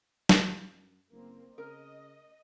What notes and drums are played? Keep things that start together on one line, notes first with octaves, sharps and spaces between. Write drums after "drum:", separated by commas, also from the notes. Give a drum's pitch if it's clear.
drum: snare
F#2
F#1 A#3 C4
C#3 A#4 D#5